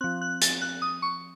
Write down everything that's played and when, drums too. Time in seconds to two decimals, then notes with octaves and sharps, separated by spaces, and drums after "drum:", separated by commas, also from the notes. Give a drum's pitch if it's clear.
0.01 F3 C4 F#6
0.21 F#6
0.41 A6, drum: hi-hat
0.61 F#6
0.82 D#6
1.02 C#6